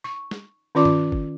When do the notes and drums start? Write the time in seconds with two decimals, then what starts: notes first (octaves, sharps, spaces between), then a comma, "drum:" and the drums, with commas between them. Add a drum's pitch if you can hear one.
0.04 C#6
0.31 drum: snare
0.75 D#3 C#4 F4 D5 D6
0.85 drum: tom G2
1.12 drum: kick G1